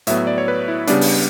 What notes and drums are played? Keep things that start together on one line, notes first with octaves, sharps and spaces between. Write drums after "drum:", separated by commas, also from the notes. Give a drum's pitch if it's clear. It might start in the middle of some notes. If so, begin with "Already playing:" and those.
A2 F#3 B3 E5, drum: hi-hat
E5
D5
C#5
B4
E4
C#3 G3 B3 D4, drum: hi-hat
drum: open hi-hat